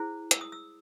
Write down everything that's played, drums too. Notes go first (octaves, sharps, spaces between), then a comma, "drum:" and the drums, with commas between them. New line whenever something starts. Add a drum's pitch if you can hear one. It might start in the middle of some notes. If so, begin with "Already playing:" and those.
Already playing: E4 G#4 C5
E6, drum: hi-hat
D#6
E6